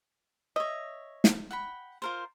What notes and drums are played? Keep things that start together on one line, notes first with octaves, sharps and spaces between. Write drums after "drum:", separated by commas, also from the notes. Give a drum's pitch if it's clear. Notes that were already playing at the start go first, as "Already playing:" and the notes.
C#5 D#5 E5
drum: snare
F#5 G5 B5
F4 A#4 C5